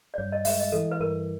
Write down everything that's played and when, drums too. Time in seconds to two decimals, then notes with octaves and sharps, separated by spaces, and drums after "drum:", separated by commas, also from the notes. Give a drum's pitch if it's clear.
0.14 D5
0.18 G2 C#5
0.32 D#5
0.45 G#3 E5, drum: open hi-hat
0.59 D#5
0.72 E3 A4
0.91 B4
1.00 G2 A#4